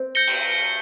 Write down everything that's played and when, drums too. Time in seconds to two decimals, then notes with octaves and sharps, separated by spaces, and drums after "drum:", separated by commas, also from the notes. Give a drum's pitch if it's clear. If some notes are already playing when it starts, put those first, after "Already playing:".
Already playing: C4
0.15 G6 A#6 C#7 G7
0.27 drum: cymbal